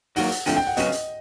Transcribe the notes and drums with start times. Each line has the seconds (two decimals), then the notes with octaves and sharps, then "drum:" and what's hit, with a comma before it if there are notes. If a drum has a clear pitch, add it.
0.16 D#3 F#3 A#3 F#5, drum: open hi-hat
0.32 drum: hi-hat
0.46 F2 D3 F3 A3 G5, drum: hi-hat
0.57 G5
0.67 F#5
0.77 C#3 F#3 B3 D#5, drum: hi-hat
0.92 drum: hi-hat